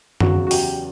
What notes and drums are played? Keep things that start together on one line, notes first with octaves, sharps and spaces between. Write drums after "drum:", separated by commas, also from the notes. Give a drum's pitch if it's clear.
E2 C#3 F#3 F#4, drum: tom F#2
F#4
G4, drum: open hi-hat